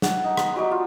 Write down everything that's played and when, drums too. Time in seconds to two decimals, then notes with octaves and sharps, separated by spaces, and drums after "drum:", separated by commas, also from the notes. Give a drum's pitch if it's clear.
0.02 D5 F#5, drum: snare
0.24 D#4
0.37 B3, drum: rim click
0.56 F#3 G3 D#4 D5
0.71 F4